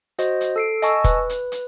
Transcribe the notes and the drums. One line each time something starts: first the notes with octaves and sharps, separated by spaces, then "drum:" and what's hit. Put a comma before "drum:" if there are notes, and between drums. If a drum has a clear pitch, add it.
F#4 C5 D#5, drum: hi-hat
drum: hi-hat
A4 C7 D7
D#5 G#5 A5 C#6 E6, drum: hi-hat
B4, drum: kick, hi-hat
drum: hi-hat
drum: hi-hat